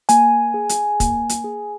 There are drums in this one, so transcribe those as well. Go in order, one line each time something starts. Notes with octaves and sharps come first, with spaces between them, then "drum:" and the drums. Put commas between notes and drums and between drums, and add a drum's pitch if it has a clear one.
A#3 G#5, drum: hi-hat
G#4
drum: hi-hat
A#3, drum: kick, hi-hat
drum: hi-hat
G#4